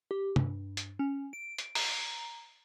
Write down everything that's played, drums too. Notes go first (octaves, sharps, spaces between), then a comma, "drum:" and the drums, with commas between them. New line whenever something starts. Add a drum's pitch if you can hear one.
G4
G2, drum: tom
drum: hi-hat
C#4
D7
drum: hi-hat
A#5, drum: open hi-hat